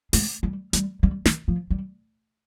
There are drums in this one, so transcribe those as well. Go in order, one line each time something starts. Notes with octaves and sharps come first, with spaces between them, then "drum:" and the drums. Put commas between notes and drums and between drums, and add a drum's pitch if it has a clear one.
G#3, drum: open hi-hat
G3
G3, drum: hi-hat
G3
D#3, drum: snare
F3
G3